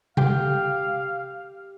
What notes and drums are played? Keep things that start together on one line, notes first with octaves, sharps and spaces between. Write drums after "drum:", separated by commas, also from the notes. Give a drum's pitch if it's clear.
G4 F5 G5, drum: tom C3